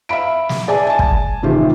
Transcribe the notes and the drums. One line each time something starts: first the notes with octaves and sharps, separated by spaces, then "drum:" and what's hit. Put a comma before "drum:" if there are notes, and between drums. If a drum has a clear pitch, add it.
E5 F5 B5 D7
drum: snare
G#4 D5 E5 G#5 A5
G#5 A5
drum: kick
A2 C3 D#3 E3 F4 G4